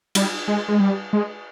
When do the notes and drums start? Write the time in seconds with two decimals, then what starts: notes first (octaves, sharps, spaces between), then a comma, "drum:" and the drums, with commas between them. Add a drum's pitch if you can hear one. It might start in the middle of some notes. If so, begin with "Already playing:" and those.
0.15 G3, drum: cymbal
0.48 G#3
0.68 G#3
0.80 G3
1.13 G#3